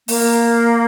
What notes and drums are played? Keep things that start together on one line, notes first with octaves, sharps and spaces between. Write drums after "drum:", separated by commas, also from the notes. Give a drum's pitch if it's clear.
A#3, drum: open hi-hat